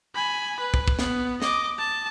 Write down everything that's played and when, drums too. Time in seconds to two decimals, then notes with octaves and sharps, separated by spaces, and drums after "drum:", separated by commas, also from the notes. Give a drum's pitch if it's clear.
0.15 G#5 B5
0.60 B4
0.74 drum: kick
0.88 drum: kick
0.99 B3, drum: snare
1.42 D#5 D6, drum: snare
1.79 A5